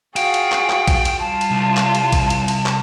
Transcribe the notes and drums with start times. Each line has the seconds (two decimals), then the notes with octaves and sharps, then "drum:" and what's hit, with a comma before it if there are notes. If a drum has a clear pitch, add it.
0.16 F4 F#4 G#4 F5 G5, drum: cymbal
0.34 drum: cymbal
0.52 drum: clap
0.70 drum: clap
0.88 drum: kick A#1, cymbal
1.05 drum: cymbal
1.19 G3 F4 A5
1.41 drum: cymbal
1.51 C2
1.77 drum: clap
1.95 drum: cymbal
2.12 drum: kick A#1, cymbal
2.30 drum: cymbal
2.48 drum: cymbal
2.66 drum: clap